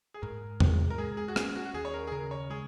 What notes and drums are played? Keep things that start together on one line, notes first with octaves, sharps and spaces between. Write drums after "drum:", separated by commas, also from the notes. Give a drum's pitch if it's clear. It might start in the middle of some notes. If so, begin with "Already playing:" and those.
G#4
G#2 A#4
G#3, drum: tom E2
A#4
G#3 G#4
G#4
F#4
C#4 G#4, drum: rim click
F#4
F#4
D#2 G#4
C#5
A#4
G#4
C#3 A#4
C#5
G#3 G#4